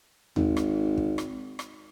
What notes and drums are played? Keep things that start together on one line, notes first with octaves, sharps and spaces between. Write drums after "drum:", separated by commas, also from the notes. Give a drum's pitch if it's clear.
G#1, drum: tom D#2
drum: rim click
drum: kick
drum: rim click
drum: rim click